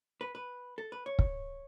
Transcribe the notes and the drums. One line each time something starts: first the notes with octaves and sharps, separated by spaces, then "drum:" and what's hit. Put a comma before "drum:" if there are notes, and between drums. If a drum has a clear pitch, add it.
B4
B4
A4
B4
C#5
drum: kick